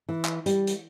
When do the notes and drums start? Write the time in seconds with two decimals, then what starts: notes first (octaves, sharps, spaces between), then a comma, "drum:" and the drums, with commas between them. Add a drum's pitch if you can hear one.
0.09 E3
0.25 drum: clap
0.46 G3, drum: hi-hat
0.67 drum: hi-hat